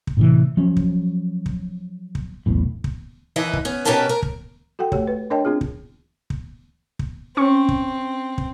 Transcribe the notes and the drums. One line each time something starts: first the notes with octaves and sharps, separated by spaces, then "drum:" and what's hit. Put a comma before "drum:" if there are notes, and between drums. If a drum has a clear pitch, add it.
drum: kick
A2 C3 E3
F3 F#3 C#4
drum: kick
drum: kick
drum: kick
E1 B1 A2
drum: kick
D#2 E3 E4 B4 D#5
drum: kick
B3 C#4
B2 C#4 G4 A#4 B4 A5
A#4
drum: kick
F#4 A4 F#5 G5
A3 G4 C#5, drum: kick
B4
D4 A#4 C#5 D#5 G5 A5
C4 D4 F4 G#4
drum: kick
drum: kick
drum: kick
C4 C#4 C#6
drum: kick
drum: kick